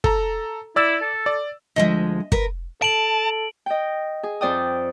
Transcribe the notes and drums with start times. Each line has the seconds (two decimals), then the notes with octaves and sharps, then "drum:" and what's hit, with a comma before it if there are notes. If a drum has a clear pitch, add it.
0.04 A4 A#5, drum: kick
0.76 E4 D5 E6 A6
1.02 A4
1.26 D5
1.76 D2 F3 G#3 D#5 E5
2.32 A#4 B4, drum: kick
2.82 A4 A5 D7 F#7
3.66 D#5 G5
4.23 G#4
4.41 F2 C5 D5 G5 D#6